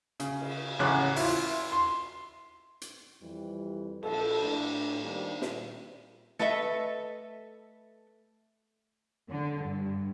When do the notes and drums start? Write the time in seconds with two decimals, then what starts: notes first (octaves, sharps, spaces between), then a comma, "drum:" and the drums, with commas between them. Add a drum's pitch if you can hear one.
0.20 C#3, drum: hi-hat
0.41 drum: cymbal
0.79 A1 C#3 C#4 F#5 D6 F#6
1.16 E4 F4, drum: open hi-hat
1.72 C6
2.81 drum: hi-hat
3.22 F2 E3 G3
4.03 A#1 A4, drum: cymbal
4.42 A2 D4
5.02 D#3 G3 A#3 C4 D4
5.42 A#2, drum: snare
6.39 A3 A4 B4 D#5 E5
9.30 D3
9.62 G2